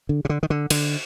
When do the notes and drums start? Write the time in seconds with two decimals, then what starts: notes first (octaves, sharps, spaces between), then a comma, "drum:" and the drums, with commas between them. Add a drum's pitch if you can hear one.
0.09 D3
0.25 C3
0.29 D3
0.43 D#3
0.50 D3
0.70 D3, drum: cymbal